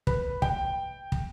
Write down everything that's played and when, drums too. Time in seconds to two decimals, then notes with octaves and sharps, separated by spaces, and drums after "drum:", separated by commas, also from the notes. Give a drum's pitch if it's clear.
0.07 B4, drum: kick
0.42 G5, drum: kick
1.12 drum: kick